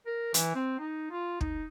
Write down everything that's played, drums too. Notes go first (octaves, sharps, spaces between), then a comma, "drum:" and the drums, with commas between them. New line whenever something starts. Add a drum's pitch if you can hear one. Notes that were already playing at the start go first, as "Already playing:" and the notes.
A#4
E3, drum: hi-hat
C4
D#4
F4
D#4, drum: kick